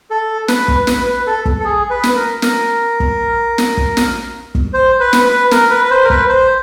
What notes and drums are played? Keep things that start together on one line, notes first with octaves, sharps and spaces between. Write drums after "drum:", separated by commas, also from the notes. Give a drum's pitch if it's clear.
A4
B4, drum: snare
drum: kick
B4, drum: snare
B4
A4
drum: kick
A4
G#4
B4
drum: snare
A#4
A#4, drum: snare
drum: kick
drum: snare
drum: kick
drum: snare
drum: kick
C5
B4
drum: snare
B4
A#4, drum: snare
B4
B4
C5
A#4
B4, drum: kick
C5